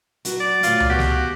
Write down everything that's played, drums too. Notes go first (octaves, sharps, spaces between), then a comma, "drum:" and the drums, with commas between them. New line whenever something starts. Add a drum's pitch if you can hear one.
F#3 F#4 B4, drum: hi-hat
D5
A2 D3 F#3 F4, drum: hi-hat
drum: tom C#2
D#2 B3 F#4 G4
drum: snare